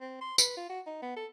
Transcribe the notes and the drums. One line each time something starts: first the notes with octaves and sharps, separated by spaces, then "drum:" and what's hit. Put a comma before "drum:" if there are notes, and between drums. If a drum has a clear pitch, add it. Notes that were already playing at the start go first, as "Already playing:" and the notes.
C4
C6
B4, drum: tambourine
F4
F#4
D#4
B3
A4